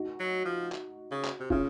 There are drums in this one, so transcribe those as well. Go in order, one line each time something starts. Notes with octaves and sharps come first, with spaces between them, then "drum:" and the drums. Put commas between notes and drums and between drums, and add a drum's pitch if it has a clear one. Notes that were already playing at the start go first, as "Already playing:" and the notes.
Already playing: D#4 F#4
F#3
F3
drum: clap
C#3
drum: clap
C3
C#3 C#4 F4, drum: kick